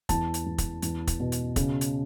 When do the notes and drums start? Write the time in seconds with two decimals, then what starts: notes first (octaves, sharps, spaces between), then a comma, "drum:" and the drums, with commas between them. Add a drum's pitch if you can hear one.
0.09 E2 A5, drum: kick, hi-hat
0.34 drum: hi-hat
0.46 E2
0.58 drum: kick, hi-hat
0.82 E2, drum: hi-hat
1.07 drum: kick, hi-hat
1.20 B2
1.32 drum: hi-hat
1.56 C#3, drum: kick, hi-hat
1.81 drum: hi-hat